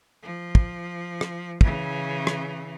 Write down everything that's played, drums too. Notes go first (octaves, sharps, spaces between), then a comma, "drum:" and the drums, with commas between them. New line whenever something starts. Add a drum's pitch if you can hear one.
F3
drum: kick
drum: rim click
C#3 E3, drum: kick
drum: rim click